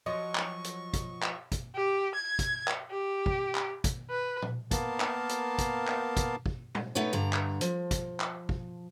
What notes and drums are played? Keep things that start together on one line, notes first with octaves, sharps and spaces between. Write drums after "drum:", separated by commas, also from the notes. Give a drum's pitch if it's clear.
F3 F#3 D#5 C#6
drum: clap
drum: hi-hat
drum: kick, hi-hat
drum: clap
drum: kick, hi-hat
G4
G#6
drum: kick, hi-hat
drum: clap
G4
drum: kick
drum: clap
drum: kick, hi-hat
B4
drum: tom A#2
A#3 B3 A#4 F5 A5, drum: kick, hi-hat
drum: clap
drum: hi-hat
drum: kick, hi-hat
drum: clap
drum: kick, hi-hat
drum: kick
drum: tom
A3 B3 D#4 B4 C#5
G2 D3 A#5
drum: clap
F3, drum: hi-hat
drum: kick, hi-hat
drum: clap
drum: kick